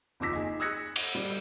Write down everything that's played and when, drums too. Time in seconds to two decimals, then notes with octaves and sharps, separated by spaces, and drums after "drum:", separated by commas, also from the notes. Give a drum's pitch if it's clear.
0.20 F#1 D#2 F3 D6 E6 B6
0.33 D#4 G#4
0.60 D#6 E6 F#6 G#6 A#6 C#7
0.96 drum: cymbal
1.15 G3